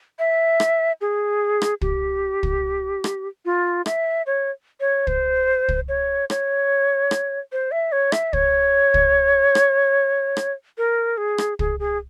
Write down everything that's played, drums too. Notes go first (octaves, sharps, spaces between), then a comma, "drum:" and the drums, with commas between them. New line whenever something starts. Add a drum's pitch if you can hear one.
E5
drum: rim click
G#4
drum: rim click
G4, drum: kick
drum: kick
drum: rim click
F4
E5, drum: rim click
C#5
C#5
C5, drum: kick
drum: kick
C#5
C#5, drum: rim click
drum: rim click
C5
E5
C#5
E5, drum: rim click
C#5, drum: kick
drum: kick
drum: rim click
drum: rim click
A#4
G#4
drum: rim click
G#4, drum: kick
G#4